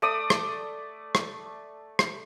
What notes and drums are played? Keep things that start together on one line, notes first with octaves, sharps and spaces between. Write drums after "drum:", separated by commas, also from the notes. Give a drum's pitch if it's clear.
A3 D5 D#6
drum: rim click
drum: rim click
drum: rim click